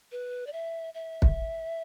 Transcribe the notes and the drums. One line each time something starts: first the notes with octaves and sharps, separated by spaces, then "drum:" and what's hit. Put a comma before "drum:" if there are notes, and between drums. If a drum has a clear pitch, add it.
B4
D5
E5
E5
drum: kick